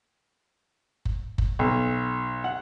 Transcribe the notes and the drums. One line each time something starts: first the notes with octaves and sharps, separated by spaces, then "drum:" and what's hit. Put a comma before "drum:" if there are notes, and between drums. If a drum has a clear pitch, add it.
drum: kick F#1
drum: kick F#1
B1
F#5